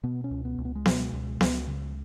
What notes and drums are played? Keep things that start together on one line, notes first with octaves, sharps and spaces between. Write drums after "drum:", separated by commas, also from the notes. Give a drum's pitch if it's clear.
B2 B3
C#4
C#2
B3
C#2
B3
G#3
B2 F#3, drum: snare B3
G#3
C#2
C#2, drum: snare B3
C#3